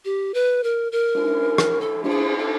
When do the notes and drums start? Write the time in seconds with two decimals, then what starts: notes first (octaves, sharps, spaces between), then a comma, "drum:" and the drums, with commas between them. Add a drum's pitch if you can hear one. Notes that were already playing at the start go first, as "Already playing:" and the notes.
0.05 G4
0.34 B4
0.64 A#4
0.92 A#4
1.15 drum: cymbal
1.58 drum: rim click
1.81 A4
2.04 G4, drum: cymbal
2.09 G#4
2.39 A4